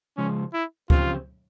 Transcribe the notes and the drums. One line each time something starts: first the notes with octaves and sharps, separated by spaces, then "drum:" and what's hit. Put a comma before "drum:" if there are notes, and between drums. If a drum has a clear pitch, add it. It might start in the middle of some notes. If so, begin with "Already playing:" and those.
C#3 F3 G#3 C#4
E4
C#3 F3 C4 F4 G4, drum: kick C#2